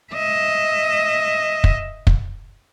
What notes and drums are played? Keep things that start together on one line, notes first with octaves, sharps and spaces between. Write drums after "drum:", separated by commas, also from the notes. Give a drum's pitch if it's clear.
D#5 E5
drum: kick
drum: kick